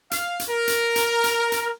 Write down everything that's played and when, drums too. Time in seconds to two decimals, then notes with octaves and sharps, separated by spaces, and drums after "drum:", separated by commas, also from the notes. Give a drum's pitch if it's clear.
0.11 F5, drum: hi-hat
0.39 drum: hi-hat
0.50 A#4
0.68 drum: hi-hat
0.96 drum: hi-hat
1.24 drum: hi-hat
1.52 drum: hi-hat